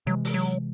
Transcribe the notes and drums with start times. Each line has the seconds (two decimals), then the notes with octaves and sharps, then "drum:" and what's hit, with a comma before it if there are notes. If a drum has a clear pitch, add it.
0.06 C3 E3 F#3 G#3
0.25 drum: open hi-hat
0.34 F#3